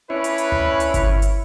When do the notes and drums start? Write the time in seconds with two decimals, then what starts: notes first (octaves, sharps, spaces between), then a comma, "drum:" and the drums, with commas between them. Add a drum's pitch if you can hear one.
0.10 C#4 D4 E4 B4 C#5
0.24 drum: hi-hat
0.38 drum: hi-hat
0.52 drum: tom C#2
0.80 drum: hi-hat
0.94 drum: kick G1, hi-hat
1.22 drum: hi-hat